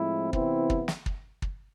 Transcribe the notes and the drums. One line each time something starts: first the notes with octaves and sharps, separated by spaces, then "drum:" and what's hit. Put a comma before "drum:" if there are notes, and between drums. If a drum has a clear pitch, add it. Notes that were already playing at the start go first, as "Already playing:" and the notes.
Already playing: A2 F3 G#3 C4 E4
C3 E3 B3 C4 E4, drum: kick
drum: kick
drum: snare
drum: kick
drum: kick